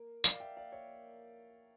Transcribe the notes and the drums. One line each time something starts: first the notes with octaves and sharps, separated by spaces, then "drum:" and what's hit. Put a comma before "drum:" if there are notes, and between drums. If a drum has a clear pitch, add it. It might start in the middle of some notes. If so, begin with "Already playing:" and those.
Already playing: A#3
D5 F5, drum: tambourine
E5 G5
D5 F5
C#5 E5